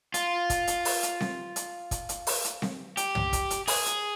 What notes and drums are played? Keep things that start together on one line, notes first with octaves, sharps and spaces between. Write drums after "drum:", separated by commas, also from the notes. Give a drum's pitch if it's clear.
F4, drum: hi-hat
drum: kick, hi-hat
drum: hi-hat
drum: open hi-hat
drum: hi-hat
drum: snare C4
drum: hi-hat
drum: kick, hi-hat
drum: hi-hat
drum: open hi-hat
drum: hi-hat
drum: snare C4
G4, drum: hi-hat
drum: tom
drum: kick, hi-hat
drum: hi-hat
G#4, drum: open hi-hat
drum: hi-hat